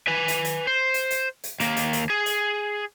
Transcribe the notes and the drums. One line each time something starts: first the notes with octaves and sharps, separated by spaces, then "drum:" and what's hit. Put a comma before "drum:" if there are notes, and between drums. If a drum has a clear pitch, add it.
B4 G#5
drum: hi-hat
drum: hi-hat
C5
drum: hi-hat
drum: hi-hat
drum: hi-hat
D#2 A#3, drum: hi-hat
drum: hi-hat
drum: hi-hat
G#4
drum: hi-hat